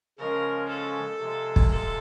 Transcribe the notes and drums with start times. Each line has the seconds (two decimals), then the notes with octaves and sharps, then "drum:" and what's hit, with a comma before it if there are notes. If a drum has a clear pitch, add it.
0.18 C#3 F3 G#3 C#4 A#4
0.69 A4
1.19 C3 F3 G#3
1.56 drum: kick
1.69 A4